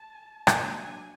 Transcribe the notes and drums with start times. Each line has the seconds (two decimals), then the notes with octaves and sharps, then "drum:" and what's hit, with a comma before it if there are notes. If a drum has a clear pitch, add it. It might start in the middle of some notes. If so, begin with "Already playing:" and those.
Already playing: A5
0.47 drum: rim click
0.56 F#3 A#3 D4 G#5